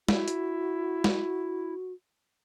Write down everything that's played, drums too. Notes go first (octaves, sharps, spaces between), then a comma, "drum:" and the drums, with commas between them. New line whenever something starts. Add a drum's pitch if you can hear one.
E4 F#4, drum: snare
drum: hi-hat
drum: snare